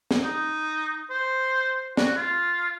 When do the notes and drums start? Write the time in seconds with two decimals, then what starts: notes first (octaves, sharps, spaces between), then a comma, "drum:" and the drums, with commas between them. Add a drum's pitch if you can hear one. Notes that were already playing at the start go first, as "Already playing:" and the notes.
0.11 drum: snare
0.23 D#4
1.10 C5
1.97 F#4, drum: snare
2.16 F4